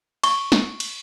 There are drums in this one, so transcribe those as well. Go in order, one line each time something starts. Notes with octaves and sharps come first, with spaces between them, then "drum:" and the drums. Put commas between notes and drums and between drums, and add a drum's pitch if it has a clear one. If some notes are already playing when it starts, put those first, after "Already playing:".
C#6, drum: cymbal
drum: snare
drum: cymbal